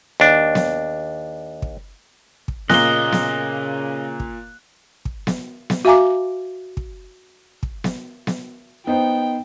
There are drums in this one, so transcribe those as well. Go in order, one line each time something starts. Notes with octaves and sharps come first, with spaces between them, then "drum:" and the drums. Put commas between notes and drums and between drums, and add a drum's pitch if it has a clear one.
D#2 D4
drum: snare B3
drum: kick
drum: kick
A#2 C#3 A#3 D#5 F#6 G7, drum: snare B3
drum: snare B3
drum: kick
drum: kick
drum: snare B3
drum: snare B3
F#4 E5 F5 G#5 A#5 D6
drum: kick
drum: kick
drum: snare B3
drum: snare B3
B3 D#4 C5 G5